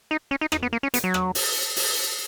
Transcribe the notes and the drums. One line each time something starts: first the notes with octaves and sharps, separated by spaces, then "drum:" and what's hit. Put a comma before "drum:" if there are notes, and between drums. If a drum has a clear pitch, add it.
D#4
C#4
D#4
D#4, drum: rim click
B3
A#3
C#4
B3, drum: hi-hat
F#3
drum: rim click
drum: open hi-hat
drum: open hi-hat